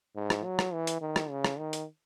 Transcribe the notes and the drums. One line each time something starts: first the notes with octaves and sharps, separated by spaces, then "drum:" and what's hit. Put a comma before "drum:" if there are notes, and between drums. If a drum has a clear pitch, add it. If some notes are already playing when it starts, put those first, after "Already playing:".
G#2
drum: rim click
F#3
drum: rim click
E3
drum: hi-hat
D#3
drum: rim click
C#3
drum: rim click
D#3
drum: hi-hat